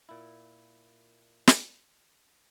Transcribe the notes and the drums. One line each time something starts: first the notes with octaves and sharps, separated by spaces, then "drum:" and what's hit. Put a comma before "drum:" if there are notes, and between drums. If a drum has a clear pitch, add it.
A#2 E4
drum: snare